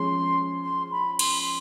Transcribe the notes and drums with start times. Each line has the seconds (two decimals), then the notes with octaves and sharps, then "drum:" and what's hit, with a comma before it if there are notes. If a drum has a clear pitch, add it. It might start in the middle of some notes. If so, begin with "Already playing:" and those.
Already playing: F3 G#3 C#4 C6
0.63 C6
0.92 B5
1.19 C6, drum: cymbal